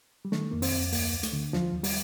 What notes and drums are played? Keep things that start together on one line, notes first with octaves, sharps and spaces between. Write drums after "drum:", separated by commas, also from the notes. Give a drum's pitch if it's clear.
G3
D#3 A3, drum: snare
F2 A#3
C4, drum: open hi-hat
F2
D2 A#3, drum: open hi-hat
D2
A3, drum: hi-hat
D3
D#2 F3, drum: snare
D#2
G3, drum: open hi-hat